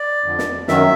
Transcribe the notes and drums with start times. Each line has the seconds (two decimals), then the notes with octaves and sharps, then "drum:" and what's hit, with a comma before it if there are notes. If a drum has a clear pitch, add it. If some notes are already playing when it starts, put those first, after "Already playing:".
Already playing: D5
0.24 F2 D3 F3
0.39 drum: snare
0.68 F#2 D#3 F#3 E5, drum: snare